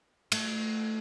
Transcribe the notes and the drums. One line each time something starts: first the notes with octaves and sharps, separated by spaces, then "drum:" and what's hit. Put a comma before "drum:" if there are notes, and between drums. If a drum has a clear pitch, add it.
A3, drum: cymbal